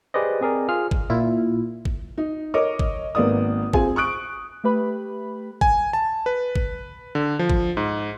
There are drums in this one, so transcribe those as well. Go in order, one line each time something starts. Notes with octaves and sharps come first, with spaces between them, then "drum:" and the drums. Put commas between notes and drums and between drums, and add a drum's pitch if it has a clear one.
G4 G#4 B4 C5 D5 D#5
C4 G#4 A#4 D5
F4 G#4 F6
drum: kick
A#2 E4 F4
drum: kick
D#4
A#4 C#5 D#5 D6
drum: kick
G#1 A#3 B3 D5 D#6
C4 F4 G#4 G#5, drum: kick
C#6 D#6 F#6 D7
A3 G4 B4 B5
G#5, drum: kick
A5
B4
drum: kick
D3
F3
drum: kick
G#2